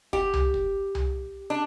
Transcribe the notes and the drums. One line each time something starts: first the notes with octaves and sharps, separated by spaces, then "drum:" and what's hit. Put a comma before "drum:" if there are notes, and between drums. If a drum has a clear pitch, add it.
G4, drum: kick
drum: tom C2
drum: kick
drum: tom C2
D4